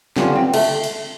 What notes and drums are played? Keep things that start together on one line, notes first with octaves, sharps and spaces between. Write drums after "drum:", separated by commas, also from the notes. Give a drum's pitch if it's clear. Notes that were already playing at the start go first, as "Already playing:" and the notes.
D3 G3 B3 C#4 D4 F4, drum: snare
C4
A3, drum: cymbal
drum: cymbal